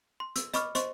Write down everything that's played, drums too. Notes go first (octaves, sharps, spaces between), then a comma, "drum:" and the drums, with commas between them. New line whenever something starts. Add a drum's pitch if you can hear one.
C6
E6, drum: hi-hat
D#5 B5 C#6 D6 F6, drum: hi-hat
C5 D#5 C6 C#6, drum: hi-hat